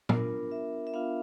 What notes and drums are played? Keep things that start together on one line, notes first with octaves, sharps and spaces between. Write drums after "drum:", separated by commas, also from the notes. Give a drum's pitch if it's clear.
B3 D4 F4 A#4, drum: tom
E5
E5
B3 D4 F4 F5